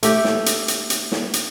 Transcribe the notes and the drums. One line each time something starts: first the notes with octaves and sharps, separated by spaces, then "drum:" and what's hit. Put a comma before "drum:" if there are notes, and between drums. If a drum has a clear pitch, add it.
A3 G4 G5, drum: hi-hat
drum: snare
drum: hi-hat
drum: hi-hat
drum: hi-hat
drum: snare
drum: hi-hat